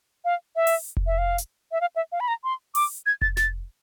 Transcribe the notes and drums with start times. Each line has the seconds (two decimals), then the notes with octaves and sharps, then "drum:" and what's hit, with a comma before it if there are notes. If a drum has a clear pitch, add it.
0.25 F5
0.56 E5
0.67 drum: open hi-hat
0.97 drum: kick F1
1.07 E5
1.18 F5
1.38 drum: hi-hat
1.72 E5
1.81 F5
1.96 E5
2.12 F5
2.20 B5
2.28 A#5
2.44 C6
2.75 D6, drum: open hi-hat
3.06 G#6
3.22 A6, drum: kick F1
3.37 A6, drum: snare